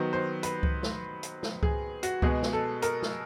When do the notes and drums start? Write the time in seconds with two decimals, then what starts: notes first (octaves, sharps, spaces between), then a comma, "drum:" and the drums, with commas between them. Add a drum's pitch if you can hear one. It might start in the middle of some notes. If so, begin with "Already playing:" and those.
Already playing: D#3 F#3 B3 C5
0.13 C5
0.43 B4, drum: hi-hat
0.63 drum: kick C#2
0.83 drum: snare
1.23 drum: hi-hat
1.43 drum: snare
1.63 G#4, drum: kick C#2
2.03 F#4, drum: hi-hat
2.22 B2 G#3 B3 G#4, drum: kick C#2
2.43 drum: snare
2.53 A4
2.82 A#4, drum: hi-hat
3.02 drum: snare